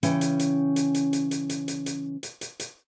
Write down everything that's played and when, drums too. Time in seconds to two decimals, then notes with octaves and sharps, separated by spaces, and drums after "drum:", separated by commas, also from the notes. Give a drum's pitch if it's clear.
0.03 C#3 E3 C#4 G5, drum: hi-hat
0.21 drum: hi-hat
0.39 drum: hi-hat
0.76 drum: hi-hat
0.94 drum: hi-hat
1.13 drum: hi-hat
1.31 drum: hi-hat
1.49 drum: hi-hat
1.68 drum: hi-hat
1.86 drum: hi-hat
2.23 drum: hi-hat
2.41 drum: hi-hat
2.60 drum: hi-hat